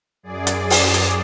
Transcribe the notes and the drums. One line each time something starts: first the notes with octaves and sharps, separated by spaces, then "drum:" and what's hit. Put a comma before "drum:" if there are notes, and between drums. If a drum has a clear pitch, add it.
F#2 G#4 D5
drum: hi-hat
drum: open hi-hat
drum: hi-hat